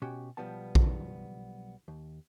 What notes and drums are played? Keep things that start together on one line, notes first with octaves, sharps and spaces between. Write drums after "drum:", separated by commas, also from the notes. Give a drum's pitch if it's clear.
B2 C#4 F#4 G4
B1 F3 G3 B3 A5
drum: kick A#1
D#2